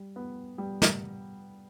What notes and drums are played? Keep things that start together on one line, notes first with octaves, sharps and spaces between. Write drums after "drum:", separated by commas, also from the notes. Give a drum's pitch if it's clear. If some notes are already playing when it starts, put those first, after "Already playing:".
Already playing: G3
B3
G3
drum: snare